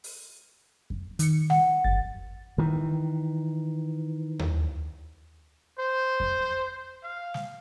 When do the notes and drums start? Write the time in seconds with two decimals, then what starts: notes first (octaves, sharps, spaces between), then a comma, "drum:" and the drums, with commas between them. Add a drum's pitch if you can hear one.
0.04 drum: open hi-hat
0.90 drum: kick F2
1.19 D#3 C#7, drum: hi-hat
1.50 F#5, drum: snare
1.84 G1 A6, drum: kick F2
2.58 D#3 E3
4.39 drum: tom D#2
5.78 C5
6.20 drum: kick F2
7.02 F5
7.34 drum: snare